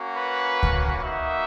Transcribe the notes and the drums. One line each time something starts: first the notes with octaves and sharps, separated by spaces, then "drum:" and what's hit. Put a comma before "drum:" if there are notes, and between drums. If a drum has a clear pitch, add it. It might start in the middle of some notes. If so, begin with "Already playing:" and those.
Already playing: A#3 C#4 F#4
B4
drum: kick C#2
A#3 D#4 F#4 E5